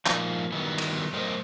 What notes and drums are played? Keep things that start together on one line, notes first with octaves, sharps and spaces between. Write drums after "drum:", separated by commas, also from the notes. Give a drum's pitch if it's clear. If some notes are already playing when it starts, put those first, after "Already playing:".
F3 A#3 D#4 F4, drum: clap
D#3 F#3 G3 B3 D#4 E4
drum: cymbal
A2 F#3 A#4 C5 D#5